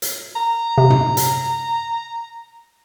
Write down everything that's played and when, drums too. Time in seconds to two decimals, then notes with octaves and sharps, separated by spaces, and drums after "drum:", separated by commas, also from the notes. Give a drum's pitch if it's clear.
0.02 drum: hi-hat
0.36 A#5
0.78 C3
0.90 drum: tom
1.17 drum: hi-hat